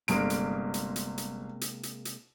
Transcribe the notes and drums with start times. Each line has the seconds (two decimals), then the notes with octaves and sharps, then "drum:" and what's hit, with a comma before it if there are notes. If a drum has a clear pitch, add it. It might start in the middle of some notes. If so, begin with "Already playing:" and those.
0.08 G1 C3 G#3 A#3 D7, drum: hi-hat
0.30 drum: hi-hat
0.74 drum: hi-hat
0.96 drum: hi-hat
1.18 drum: hi-hat
1.61 drum: hi-hat
1.83 drum: hi-hat
2.05 drum: hi-hat